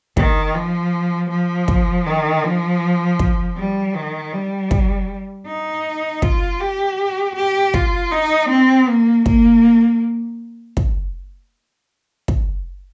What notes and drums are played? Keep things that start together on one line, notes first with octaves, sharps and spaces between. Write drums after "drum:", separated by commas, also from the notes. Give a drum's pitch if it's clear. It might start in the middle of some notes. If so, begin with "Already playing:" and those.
D#3, drum: kick
F3
F3
drum: kick
D#3
F3
drum: kick
G3
D#3
G3
drum: kick
D#4
F4, drum: kick
G4
G4
F4, drum: kick
D#4
C4
A#3
A#3, drum: kick
drum: kick
drum: kick